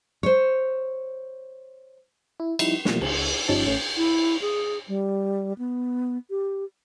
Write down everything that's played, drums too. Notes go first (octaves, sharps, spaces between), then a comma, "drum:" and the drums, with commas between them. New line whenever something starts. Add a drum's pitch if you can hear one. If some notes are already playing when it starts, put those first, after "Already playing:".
C5 C#5
E4
F3 G3 D#4 E4, drum: cymbal
B2 E3 F3 G3 A3 A#3, drum: snare
C#2, drum: cymbal
G1 F3 G3 C#4 D#4 A5
A1 A3 C#4
E4
G#4
G3
B3
G4